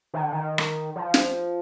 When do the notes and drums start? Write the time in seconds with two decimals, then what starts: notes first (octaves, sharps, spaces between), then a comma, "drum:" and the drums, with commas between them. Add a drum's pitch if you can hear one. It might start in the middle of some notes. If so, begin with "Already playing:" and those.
0.14 D#3
0.23 D3
0.33 D#3
0.58 drum: rim click
0.96 F3
1.14 drum: snare